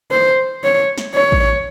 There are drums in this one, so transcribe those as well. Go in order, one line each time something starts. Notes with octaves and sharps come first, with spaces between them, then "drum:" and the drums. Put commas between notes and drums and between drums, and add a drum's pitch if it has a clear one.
C5
C#5
drum: snare
C#5
drum: kick A1